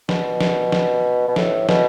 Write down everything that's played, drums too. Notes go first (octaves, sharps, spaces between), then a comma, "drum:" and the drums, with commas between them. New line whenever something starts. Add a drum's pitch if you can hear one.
B2, drum: snare
drum: snare
drum: snare
B2
A2, drum: snare
B2, drum: snare